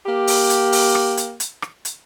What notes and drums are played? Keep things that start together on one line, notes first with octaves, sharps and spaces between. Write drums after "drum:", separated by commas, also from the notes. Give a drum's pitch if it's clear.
A#3 G4
drum: open hi-hat
drum: hi-hat
drum: open hi-hat
drum: rim click
drum: hi-hat
drum: hi-hat
drum: rim click
drum: hi-hat